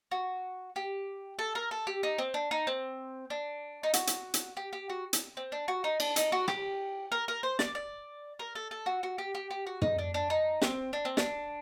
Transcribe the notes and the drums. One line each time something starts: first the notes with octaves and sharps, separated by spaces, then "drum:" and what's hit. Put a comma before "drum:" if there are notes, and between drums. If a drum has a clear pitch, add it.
F#4
G4
A4
A#4
A4
G4
D#4
C4
D4
D#4
C4
D4
D#4
F#4, drum: hi-hat
drum: hi-hat
drum: hi-hat
G4
G4
F#4
drum: hi-hat
C4
D4
F#4
D#4
D4, drum: cymbal
D#4, drum: hi-hat
F#4
G4, drum: rim click
A#4
A#4
C5
D5, drum: snare
D5
A#4
A4
A4
F#4
F#4
G4
G4
G4
F#4
D#4, drum: tom
D4
D4
D#4
C4, drum: snare
D4
C4
D4, drum: snare